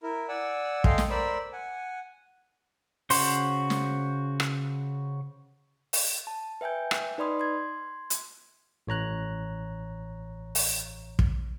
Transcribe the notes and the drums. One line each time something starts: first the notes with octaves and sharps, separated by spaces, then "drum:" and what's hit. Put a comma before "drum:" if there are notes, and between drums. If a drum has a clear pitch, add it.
E4 A#4
D5 F#5 G#5 E6
A4 D#5 F5 G5 G#5 C6, drum: kick
drum: snare
A#4 C5 D5 B5 E6
F#5 G#5
C#3 F#4 C5 C6, drum: open hi-hat
drum: snare
drum: rim click
drum: open hi-hat
A5
B4 E5 G5 G#5 G6
drum: rim click
D#4 B4 D5 B5 C6 D#6
C6 G#6
drum: hi-hat
A1 C#5 A#5 F#6
drum: open hi-hat
drum: kick